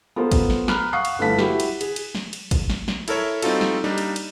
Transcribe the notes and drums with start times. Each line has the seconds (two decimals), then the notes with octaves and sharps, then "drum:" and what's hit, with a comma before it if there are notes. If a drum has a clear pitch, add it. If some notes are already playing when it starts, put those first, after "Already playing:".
0.16 B3 F4 A4 A#4 C5
0.32 drum: kick, cymbal
0.50 drum: snare
0.68 A#5 B5 F6 F#6, drum: snare
0.93 F5 F#5 C#6 D#6 F#6 C7
1.05 drum: cymbal
1.19 G1 A3 E4 F5 A5 B6
1.39 E4 F#4 G4, drum: snare
1.60 drum: cymbal
1.81 G#4, drum: cymbal
1.96 drum: cymbal
2.15 drum: snare
2.33 drum: cymbal
2.51 drum: kick, cymbal
2.70 drum: snare
2.88 drum: snare
3.08 E4 A4 A#4 C#5 E5, drum: cymbal
3.42 G3 C4 D#4 F4 F#4 A4, drum: cymbal
3.61 drum: snare
3.84 G3 A#3 D4 D#4
3.98 drum: cymbal
4.16 drum: cymbal